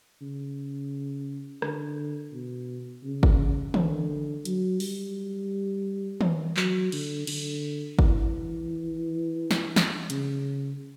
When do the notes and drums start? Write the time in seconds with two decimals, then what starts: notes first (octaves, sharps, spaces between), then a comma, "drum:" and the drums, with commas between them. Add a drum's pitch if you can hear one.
0.21 C#3
1.62 D3, drum: rim click
2.33 B2
3.04 C#3
3.23 drum: kick G1
3.74 D3, drum: tom
4.45 F#3, drum: hi-hat
4.80 G3, drum: open hi-hat
6.21 drum: tom
6.57 F#3, drum: clap
6.92 D3, drum: cymbal
7.27 D3, drum: cymbal
7.99 E3, drum: kick G1
9.51 drum: snare
9.76 drum: snare
10.10 C#3, drum: hi-hat